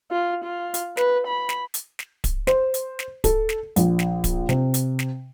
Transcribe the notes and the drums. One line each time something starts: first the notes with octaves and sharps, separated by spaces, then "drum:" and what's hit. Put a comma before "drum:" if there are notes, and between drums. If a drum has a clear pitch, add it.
F4
F4
drum: hi-hat
B4, drum: snare
B5
drum: snare
drum: hi-hat
drum: snare
drum: kick D1, hi-hat
C5, drum: snare
drum: hi-hat
drum: snare
A4, drum: kick D1, hi-hat
drum: snare
A#1, drum: hi-hat
drum: snare
drum: kick D1, hi-hat
C3, drum: snare
drum: hi-hat
drum: snare